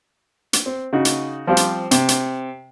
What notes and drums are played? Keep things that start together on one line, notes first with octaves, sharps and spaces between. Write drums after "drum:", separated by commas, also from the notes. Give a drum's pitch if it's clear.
drum: hi-hat
C4
C#3 D#4 F#4
drum: hi-hat
F3 G3 C4 F4 G4
drum: hi-hat
C3, drum: hi-hat
drum: hi-hat